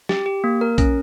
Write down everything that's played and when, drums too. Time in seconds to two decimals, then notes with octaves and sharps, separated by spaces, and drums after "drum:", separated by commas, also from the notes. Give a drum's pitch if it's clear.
0.09 G4, drum: snare
0.26 G4
0.44 A#3
0.61 A#4
0.78 C#4, drum: kick A#1, hi-hat